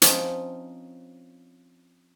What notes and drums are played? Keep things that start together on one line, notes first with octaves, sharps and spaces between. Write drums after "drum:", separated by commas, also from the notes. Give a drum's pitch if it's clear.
F3 C4 C#4 D#4, drum: hi-hat